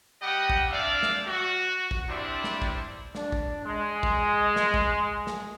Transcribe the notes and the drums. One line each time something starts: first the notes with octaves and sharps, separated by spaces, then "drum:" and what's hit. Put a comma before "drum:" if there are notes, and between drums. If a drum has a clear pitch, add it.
G3 G4 D#5 F#5 G5
drum: kick
C4 D4 D5 E5 F5
drum: snare
F#4
drum: kick
G3 C4 D4 E4
drum: snare
drum: kick
D4, drum: snare
drum: kick
G#3
drum: kick
drum: snare
drum: kick
drum: snare